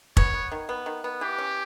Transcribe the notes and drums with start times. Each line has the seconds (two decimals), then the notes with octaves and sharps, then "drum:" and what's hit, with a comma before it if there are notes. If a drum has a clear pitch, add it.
0.17 B3 C#5, drum: kick
0.34 B3
0.51 D#3
0.69 B3
0.86 D#3
1.04 B3
1.21 E3 G4
1.38 C#4